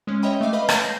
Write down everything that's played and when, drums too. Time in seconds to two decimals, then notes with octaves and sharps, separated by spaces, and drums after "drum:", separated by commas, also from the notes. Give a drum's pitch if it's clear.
0.07 G#3 C#4
0.23 C#5 D#5 E5 G5 B5 D#6
0.41 A3 E5 F5 D6
0.53 B4 D#5 F5 B5
0.69 C#5, drum: rim click
0.83 G6 A#6 C7